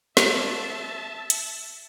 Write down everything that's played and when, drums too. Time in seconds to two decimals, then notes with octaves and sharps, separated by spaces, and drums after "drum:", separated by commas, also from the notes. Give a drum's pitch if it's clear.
0.17 E5 A5, drum: snare
1.30 drum: hi-hat